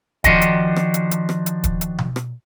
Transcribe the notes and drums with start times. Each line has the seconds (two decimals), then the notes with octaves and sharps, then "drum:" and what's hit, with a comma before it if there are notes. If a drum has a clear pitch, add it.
0.24 D#3 F3 D4 F#4 D#5, drum: kick, hi-hat
0.42 drum: hi-hat
0.76 drum: rim click
0.94 drum: hi-hat
1.11 drum: hi-hat
1.29 drum: rim click
1.46 drum: hi-hat
1.64 drum: kick, hi-hat
1.81 drum: hi-hat
1.98 drum: tom B2
2.16 drum: rim click